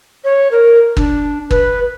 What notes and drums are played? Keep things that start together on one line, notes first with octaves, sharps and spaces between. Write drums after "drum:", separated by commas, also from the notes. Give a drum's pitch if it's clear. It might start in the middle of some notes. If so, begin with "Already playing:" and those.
C#5
A#4
D4, drum: kick
B4, drum: kick